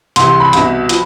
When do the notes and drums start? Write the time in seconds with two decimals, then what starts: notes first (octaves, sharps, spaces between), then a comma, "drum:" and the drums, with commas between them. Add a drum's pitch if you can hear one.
0.16 C2 C3 E3 C6, drum: hi-hat
0.28 C6
0.40 B5
0.53 C2 B2 B5, drum: hi-hat
0.89 F3, drum: hi-hat